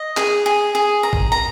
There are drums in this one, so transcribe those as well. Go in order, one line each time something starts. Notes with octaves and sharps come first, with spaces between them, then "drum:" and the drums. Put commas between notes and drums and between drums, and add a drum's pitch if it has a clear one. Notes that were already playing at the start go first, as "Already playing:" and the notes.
Already playing: D#5
G#4, drum: clap
G#4
G#4
A#5
drum: kick
A#5